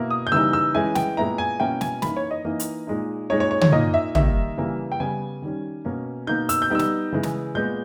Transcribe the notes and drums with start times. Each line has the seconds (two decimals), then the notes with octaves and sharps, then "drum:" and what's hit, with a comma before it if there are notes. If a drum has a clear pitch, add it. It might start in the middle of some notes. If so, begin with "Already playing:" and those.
Already playing: B2 A#3 E4
0.10 D#6
0.27 G6
0.32 C#3 E3 G3 A#3 D#4 E6
0.53 E6
0.74 E3 G#3 C#4 E4 G#5
0.95 G5, drum: snare
1.17 A#2 G#3 B3 E4 A#5
1.38 G#5
1.60 B2 A#3 C#4 E4 G5
1.81 G#5, drum: snare
2.02 E3 A#3 D#4 B5, drum: snare
2.16 C#5
2.31 D#5
2.45 E3 A#3 D#4
2.60 drum: hi-hat
2.87 A#2 G#3 D#4
3.30 A#2 G#3 D#4 C#5
3.40 C#5
3.51 C#5
3.61 C#5, drum: tom
3.72 A#2 A#3 D#4 D#5
3.94 E5
4.15 D#3 G3 A#3 D#4 E5, drum: tom
4.57 C#3 E3 G3 A#3
4.92 G5
5.00 C#3 G3 B3 G#5
5.42 D#3 G3 C#4
5.85 B2 A#3 C#4
6.27 B2 A#3 D#4 G6
6.49 E6, drum: hi-hat
6.62 G6
6.70 G3 B3 D#4 E6
6.79 drum: snare
7.12 C#3 E3 G#3
7.23 drum: snare
7.55 A#2 G#3 B3 G6